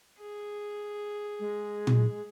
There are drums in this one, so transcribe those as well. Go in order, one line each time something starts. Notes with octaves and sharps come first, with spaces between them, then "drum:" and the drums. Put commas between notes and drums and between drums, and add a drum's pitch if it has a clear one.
G#4
G#3
drum: tom A#2